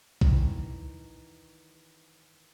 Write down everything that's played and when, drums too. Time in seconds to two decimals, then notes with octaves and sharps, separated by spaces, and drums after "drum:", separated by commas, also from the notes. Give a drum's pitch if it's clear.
0.21 D#3 E3, drum: kick B1